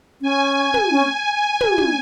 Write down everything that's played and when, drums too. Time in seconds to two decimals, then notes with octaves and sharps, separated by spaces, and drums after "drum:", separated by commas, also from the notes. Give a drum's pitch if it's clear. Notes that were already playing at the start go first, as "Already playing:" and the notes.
0.22 C#4 G#5
0.56 G#5
0.74 drum: tom
0.91 C#4
1.61 drum: tom
1.78 drum: tom